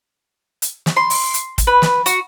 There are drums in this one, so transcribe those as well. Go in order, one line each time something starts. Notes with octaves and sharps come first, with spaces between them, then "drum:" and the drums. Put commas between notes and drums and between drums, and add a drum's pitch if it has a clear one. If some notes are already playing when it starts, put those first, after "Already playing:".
drum: hi-hat
drum: snare
C6
drum: open hi-hat
drum: hi-hat
drum: kick, hi-hat
B4
drum: snare
F#4, drum: hi-hat